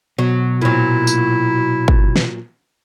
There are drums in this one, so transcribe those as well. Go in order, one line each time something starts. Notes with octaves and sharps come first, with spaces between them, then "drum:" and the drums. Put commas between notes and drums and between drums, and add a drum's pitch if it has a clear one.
B2 F#3
A#2 F#3 E4
drum: tambourine
drum: kick
drum: snare